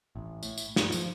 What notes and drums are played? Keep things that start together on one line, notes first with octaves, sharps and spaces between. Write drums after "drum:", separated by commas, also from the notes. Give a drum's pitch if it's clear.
A1
A2, drum: tambourine
drum: tambourine
G2, drum: snare
F3, drum: tambourine